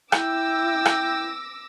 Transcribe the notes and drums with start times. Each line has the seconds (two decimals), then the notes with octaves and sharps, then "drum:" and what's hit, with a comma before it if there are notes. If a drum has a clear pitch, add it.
0.12 E4 G5 D6 E6 A#6, drum: rim click
0.85 drum: rim click